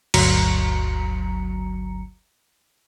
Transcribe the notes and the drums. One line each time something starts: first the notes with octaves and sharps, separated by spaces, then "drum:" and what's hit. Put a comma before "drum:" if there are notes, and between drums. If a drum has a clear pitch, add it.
G1 D2 F#3 A#5 C#7, drum: cymbal